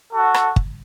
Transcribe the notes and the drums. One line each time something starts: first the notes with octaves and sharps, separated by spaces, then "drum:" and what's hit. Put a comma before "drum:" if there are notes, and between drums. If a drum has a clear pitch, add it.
F#4 A4
drum: rim click
drum: kick